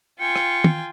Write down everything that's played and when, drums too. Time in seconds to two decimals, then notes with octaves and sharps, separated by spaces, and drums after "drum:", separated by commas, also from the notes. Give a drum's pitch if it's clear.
0.20 F4 G5 G#5 C#7
0.36 drum: rim click
0.64 drum: tom